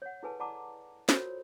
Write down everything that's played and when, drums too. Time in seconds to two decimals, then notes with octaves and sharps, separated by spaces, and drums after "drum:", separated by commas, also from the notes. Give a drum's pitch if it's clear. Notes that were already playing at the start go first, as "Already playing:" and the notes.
0.02 C#5 F#5
0.23 E4 G#4 A4 B4 G#5 A5
0.40 D5 F#5 A5 A#5 D6
1.09 F4 F#4 A4 A#4 C5 C#5, drum: snare